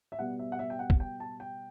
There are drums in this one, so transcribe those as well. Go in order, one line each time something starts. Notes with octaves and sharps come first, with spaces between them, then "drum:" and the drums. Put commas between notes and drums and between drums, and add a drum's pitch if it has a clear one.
E5
B2 G3 B3 F#5
E5
F#5
E5
G5
F#5
drum: kick
G5
A5
G5